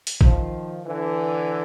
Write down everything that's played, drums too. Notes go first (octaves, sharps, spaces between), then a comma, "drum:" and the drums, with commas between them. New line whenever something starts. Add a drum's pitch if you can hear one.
drum: hi-hat
D#3 F3, drum: kick
D3 E3